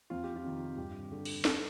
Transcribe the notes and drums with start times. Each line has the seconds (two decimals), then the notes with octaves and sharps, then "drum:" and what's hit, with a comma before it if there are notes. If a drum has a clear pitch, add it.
0.10 F2 F4
0.24 G4
0.36 F4
0.44 C3 D#3
0.77 G2 G4
1.12 D3
1.25 drum: cymbal
1.45 A4, drum: snare